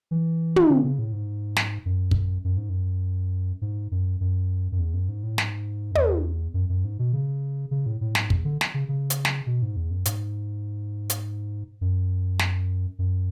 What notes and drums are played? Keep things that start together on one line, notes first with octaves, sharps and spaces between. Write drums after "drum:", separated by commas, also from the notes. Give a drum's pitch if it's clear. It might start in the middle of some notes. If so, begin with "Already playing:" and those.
E3
drum: tom
D3
C#3
A2
G#2
drum: snare
F#2
drum: kick
F#2
G#2
F#2
G#2
F#2
F#2
F#2
E2
F#2
G#2
A2
G#2, drum: snare
F#2
E2, drum: tom
F#2
F#2
G#2
B2
C#3
C#3
A2
A2
G#2, drum: snare
E2, drum: kick
D3
drum: snare
C#3
C#3
drum: hi-hat
drum: snare
B2
G#2
E2
F#2
G#2, drum: hi-hat
drum: hi-hat
F#2
drum: snare
F#2